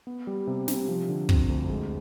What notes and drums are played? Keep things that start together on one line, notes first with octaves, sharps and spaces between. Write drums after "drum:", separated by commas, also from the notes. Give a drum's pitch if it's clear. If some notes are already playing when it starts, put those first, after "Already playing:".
B3
G3
C3
C3, drum: snare
F3
D3
C4, drum: kick
D2
G#3